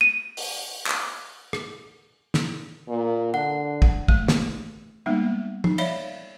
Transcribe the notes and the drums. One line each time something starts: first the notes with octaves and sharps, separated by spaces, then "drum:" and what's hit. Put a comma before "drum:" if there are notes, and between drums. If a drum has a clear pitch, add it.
D#7
drum: open hi-hat
drum: clap
drum: rim click
drum: snare
A#2
D3 F#5
drum: kick
A3, drum: kick
drum: snare
G3 G#3 A#3 B3 D#4
D#4, drum: tom
C#5 D5 E5 F5 B5, drum: cymbal